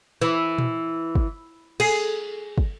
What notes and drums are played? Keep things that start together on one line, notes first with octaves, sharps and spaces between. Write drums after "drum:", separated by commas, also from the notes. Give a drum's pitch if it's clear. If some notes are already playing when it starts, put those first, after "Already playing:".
E3
drum: tom A#2
drum: kick
G#4, drum: cymbal
drum: kick